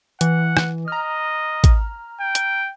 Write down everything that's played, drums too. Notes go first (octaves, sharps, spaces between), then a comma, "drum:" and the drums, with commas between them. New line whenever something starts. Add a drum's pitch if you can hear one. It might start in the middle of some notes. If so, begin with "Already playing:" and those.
E3 F#5, drum: hi-hat
drum: rim click
D#5 A#5 F6
drum: kick, hi-hat
G5
drum: hi-hat